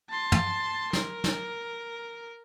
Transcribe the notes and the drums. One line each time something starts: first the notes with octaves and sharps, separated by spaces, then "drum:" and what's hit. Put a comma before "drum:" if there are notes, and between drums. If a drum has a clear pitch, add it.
A5 C6
drum: tom
A#4, drum: snare
drum: snare